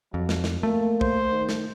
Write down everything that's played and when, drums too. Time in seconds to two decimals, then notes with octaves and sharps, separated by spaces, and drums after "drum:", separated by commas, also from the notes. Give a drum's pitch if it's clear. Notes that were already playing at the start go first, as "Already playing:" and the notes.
0.14 F2 F#3
0.29 drum: snare
0.44 drum: snare
0.63 A3 A#3
1.01 C5, drum: kick
1.32 D#3
1.49 drum: snare